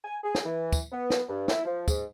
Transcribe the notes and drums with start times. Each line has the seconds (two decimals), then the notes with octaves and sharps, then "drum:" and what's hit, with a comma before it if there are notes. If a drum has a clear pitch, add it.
0.05 G#5
0.24 G#4
0.35 drum: snare
0.45 E3
0.73 drum: kick, tambourine
0.91 B3
1.10 drum: snare
1.29 G2
1.48 E4, drum: snare
1.65 F3
1.88 G#2, drum: kick, tambourine